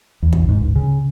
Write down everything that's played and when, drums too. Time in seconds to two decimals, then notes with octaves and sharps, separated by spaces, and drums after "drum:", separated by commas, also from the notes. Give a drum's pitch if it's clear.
0.22 E2
0.33 drum: kick
0.49 G#2
0.61 C#2
0.76 C#3